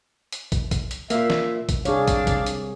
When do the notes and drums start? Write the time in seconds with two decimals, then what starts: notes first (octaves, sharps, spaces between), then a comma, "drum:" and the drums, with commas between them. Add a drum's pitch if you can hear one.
0.32 drum: hi-hat
0.52 drum: kick, hi-hat
0.71 drum: kick, hi-hat
0.91 drum: hi-hat
1.10 A#2 A#3 E5, drum: hi-hat
1.30 drum: snare
1.69 drum: kick, hi-hat
1.85 C2 D4 G#4 C#5 F5 D6, drum: hi-hat
2.08 drum: kick, hi-hat
2.27 drum: kick, hi-hat
2.46 drum: hi-hat